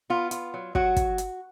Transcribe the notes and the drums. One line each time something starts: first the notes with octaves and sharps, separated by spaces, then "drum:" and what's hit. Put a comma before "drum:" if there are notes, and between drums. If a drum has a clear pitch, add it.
B3 F4
F4, drum: hi-hat
F#3
F#3 F#4, drum: kick
drum: kick, hi-hat
drum: hi-hat